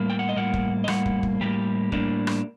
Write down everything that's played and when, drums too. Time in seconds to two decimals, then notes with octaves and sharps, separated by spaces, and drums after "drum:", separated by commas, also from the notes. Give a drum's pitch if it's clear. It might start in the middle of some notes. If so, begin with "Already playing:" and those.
Already playing: A2 G3 A#3
0.10 G5
0.19 F#5
0.29 D#5
0.36 A2 G3 A#3 F#5
0.54 drum: kick
0.84 D#5
0.88 A2 G3 A#3 F#5, drum: rim click
1.06 drum: kick
1.23 drum: kick
1.41 A2 G3 A#3 G4
1.92 A2 G3 A#3 D4, drum: kick
2.27 drum: rim click